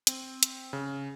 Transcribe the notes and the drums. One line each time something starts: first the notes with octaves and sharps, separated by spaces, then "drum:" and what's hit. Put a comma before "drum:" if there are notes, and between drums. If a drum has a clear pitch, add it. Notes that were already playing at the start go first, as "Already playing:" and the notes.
C4, drum: hi-hat
drum: hi-hat
C#3